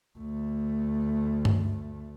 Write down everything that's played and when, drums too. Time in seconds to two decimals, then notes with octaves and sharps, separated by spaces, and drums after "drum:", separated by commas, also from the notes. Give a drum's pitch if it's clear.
0.17 D2 A3
1.45 drum: tom G2